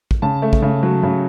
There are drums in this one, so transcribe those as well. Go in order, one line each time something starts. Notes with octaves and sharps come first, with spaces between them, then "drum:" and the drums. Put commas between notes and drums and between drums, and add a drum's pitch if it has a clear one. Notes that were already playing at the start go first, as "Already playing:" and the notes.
drum: kick
C#3 A5
A3
drum: kick
C#3
F#3
C#3